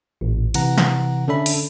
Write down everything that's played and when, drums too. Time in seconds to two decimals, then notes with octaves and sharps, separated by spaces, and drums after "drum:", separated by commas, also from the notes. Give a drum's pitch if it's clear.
0.21 A1 A#2
0.54 C3 E3 F#5 A#5, drum: cymbal
0.78 drum: snare
1.28 D3 C#4 D4 A4 E5 B5
1.46 drum: open hi-hat